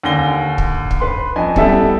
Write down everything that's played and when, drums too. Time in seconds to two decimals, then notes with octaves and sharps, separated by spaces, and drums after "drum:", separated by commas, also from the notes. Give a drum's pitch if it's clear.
0.04 D#2 D3 G#5 A#6 G7
0.58 drum: kick
0.91 drum: kick
1.00 B4 C6
1.36 F2 D#5 G#5
1.56 G3 B3 E4 A4 E5, drum: kick